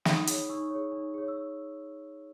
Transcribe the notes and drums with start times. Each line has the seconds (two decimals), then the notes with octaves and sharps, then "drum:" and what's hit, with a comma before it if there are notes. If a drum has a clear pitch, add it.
0.05 D#4 B5 D#6, drum: snare
0.27 G#4 C#5, drum: hi-hat
0.49 D#4 C#6 E6
0.71 G#4 C#5
0.92 D#4
1.14 G#4 C#5
1.28 E6